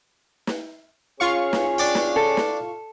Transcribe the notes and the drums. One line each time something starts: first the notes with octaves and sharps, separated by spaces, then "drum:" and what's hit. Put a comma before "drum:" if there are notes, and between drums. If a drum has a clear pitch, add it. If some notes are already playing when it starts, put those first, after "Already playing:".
drum: snare
C#4 F4 G#4 C#5 F5 C#6
drum: snare
D4 D5 G5
drum: snare
A4
drum: snare